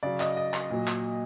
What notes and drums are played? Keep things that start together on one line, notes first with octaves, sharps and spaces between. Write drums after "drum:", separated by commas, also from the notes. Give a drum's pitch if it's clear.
C#3 F#3 D5
D#5, drum: clap
D#5
drum: clap
A#2 F#3
drum: clap